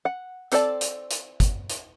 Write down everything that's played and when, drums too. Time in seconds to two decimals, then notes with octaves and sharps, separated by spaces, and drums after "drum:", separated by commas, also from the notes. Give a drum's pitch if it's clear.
0.05 F#5
0.52 C4 A4 C5 D5 A5, drum: hi-hat
0.81 drum: hi-hat
1.11 drum: hi-hat
1.40 drum: kick, hi-hat
1.70 drum: hi-hat